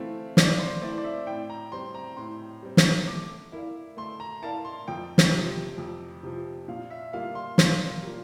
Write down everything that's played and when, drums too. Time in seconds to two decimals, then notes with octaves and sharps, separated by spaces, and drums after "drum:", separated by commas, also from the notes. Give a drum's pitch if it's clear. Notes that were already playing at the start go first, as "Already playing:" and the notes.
Already playing: E3 A3 C4 E4 F5
0.37 E3 D5, drum: snare
0.59 C5
0.81 A3 C4 E4 D5
0.98 D5
1.04 E5
1.27 A2 G5
1.50 A#5
1.72 G3 C4 C6
1.95 A#5
2.17 A2 C6
2.63 G3 C4
2.77 drum: snare
3.07 A3 D6
3.52 E4 A#4 D5 F5
3.97 A3 C6
4.20 A#5
4.42 E4 A#4 D5 F5 A5
4.65 C6
4.88 F2 G5
5.18 drum: snare
5.33 C3 F3
5.78 F2
6.23 C3 F3
6.68 A#2 F5
6.91 E5
7.13 G3 A#3 F4 F5
7.35 C6
7.58 A#2 C6, drum: snare
8.03 G3 A#3 F4